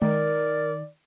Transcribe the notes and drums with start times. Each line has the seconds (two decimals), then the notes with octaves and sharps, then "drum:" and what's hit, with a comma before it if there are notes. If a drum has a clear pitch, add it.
0.02 D#3 A#4 D5, drum: tom G#3